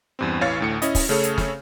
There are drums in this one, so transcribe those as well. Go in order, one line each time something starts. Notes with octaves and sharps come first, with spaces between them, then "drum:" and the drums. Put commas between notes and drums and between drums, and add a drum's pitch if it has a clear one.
E2 G2 C4
A1 E3 C#5 F5 A6
D2 A2 C#7
C#4 E4 D#5, drum: hi-hat
drum: kick, open hi-hat
C#3 A3 C#4 G#4 A4 C#5
drum: hi-hat
drum: snare